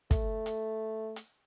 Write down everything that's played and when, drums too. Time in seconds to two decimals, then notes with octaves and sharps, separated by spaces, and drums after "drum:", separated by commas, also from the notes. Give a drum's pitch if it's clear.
0.11 A3, drum: kick, hi-hat
0.46 drum: hi-hat
1.16 drum: hi-hat